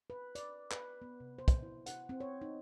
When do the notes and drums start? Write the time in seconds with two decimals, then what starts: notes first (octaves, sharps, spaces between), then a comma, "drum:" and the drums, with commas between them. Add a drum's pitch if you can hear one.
0.10 B4
0.35 D5, drum: hi-hat
0.71 B4, drum: clap
1.02 B3
1.20 C3
1.39 C5
1.48 drum: kick, hi-hat
1.63 E4
1.86 F#5, drum: hi-hat
2.09 C4
2.20 C#5
2.42 D#4